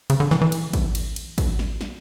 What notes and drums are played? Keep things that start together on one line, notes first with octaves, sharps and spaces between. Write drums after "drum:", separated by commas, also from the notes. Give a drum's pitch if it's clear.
C#3, drum: cymbal
D3
E3, drum: snare
E3
drum: cymbal
drum: kick, cymbal
drum: cymbal
drum: cymbal
drum: kick, cymbal
drum: snare
drum: snare